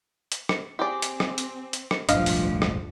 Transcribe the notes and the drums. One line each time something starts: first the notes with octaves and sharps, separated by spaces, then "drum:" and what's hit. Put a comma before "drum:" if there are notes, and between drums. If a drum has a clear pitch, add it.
drum: hi-hat
drum: rim click
C4 G4 G#4 D5
drum: hi-hat
drum: rim click
drum: hi-hat
drum: hi-hat
drum: rim click
E1 A1 D2 G2 F3 D4 D#5 F5, drum: hi-hat
drum: open hi-hat
drum: rim click